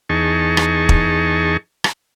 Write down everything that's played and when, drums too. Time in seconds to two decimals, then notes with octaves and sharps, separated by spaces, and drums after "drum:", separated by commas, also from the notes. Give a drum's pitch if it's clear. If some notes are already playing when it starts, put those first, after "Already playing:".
0.09 E2 D#4 G#4 A5 C#6
0.57 drum: rim click
0.89 drum: kick
1.84 drum: rim click